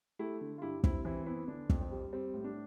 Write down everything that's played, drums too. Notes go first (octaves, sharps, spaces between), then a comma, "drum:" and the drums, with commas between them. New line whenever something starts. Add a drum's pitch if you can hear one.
A3 E4 G4
D3
F4
G2 E4 G4
G3 C4 E4, drum: kick
E3 C4 E4
B3 C4 E4
D3 D4
F2, drum: kick
C4
G3
G3 C4
A2
D4